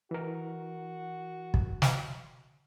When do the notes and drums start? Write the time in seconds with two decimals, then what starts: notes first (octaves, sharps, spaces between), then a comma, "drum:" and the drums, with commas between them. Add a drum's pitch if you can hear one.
0.11 E3 F#4 A#4
1.54 drum: kick
1.82 drum: snare